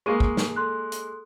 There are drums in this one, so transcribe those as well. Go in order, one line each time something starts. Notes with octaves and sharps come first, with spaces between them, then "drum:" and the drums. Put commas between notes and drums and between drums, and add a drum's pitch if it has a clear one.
G#3 A#3 C#6 D#7
drum: kick
drum: snare
A4 C6 F#6
drum: hi-hat